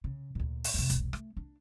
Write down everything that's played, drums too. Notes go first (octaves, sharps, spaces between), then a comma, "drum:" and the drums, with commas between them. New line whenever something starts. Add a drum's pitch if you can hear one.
C#3
D2 A#2
drum: open hi-hat
F2 C3
E1 B1, drum: kick, hi-hat
A3, drum: rim click
D4